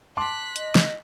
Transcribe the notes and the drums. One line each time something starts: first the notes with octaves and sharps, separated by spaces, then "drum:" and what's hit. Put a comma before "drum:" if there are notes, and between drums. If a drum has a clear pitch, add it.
A5 C6 D6 F#6 B6
D#5, drum: hi-hat
drum: snare